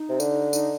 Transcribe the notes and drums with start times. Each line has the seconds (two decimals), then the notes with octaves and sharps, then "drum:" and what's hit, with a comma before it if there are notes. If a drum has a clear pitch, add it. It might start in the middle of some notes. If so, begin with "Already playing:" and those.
Already playing: D#4
0.09 C3
0.20 D3, drum: tambourine
0.53 D#4, drum: tambourine